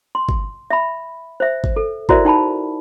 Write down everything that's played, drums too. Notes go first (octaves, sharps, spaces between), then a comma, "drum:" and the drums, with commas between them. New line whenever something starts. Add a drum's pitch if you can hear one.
C6
drum: kick G1
E5 B5
C5 E5
drum: kick G1
A4
E4 F#4 A#4 C5 D5 E5, drum: kick G1
D#4 G5 A5 B5